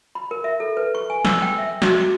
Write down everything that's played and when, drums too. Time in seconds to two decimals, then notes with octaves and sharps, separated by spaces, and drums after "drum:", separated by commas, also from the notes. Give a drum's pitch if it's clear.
0.15 B5
0.31 A#4
0.44 E5
0.60 A4
0.77 B4
0.95 C#6
1.10 G#5
1.25 E6, drum: snare
1.42 G5
1.58 E5
1.82 F#4, drum: snare
2.00 D6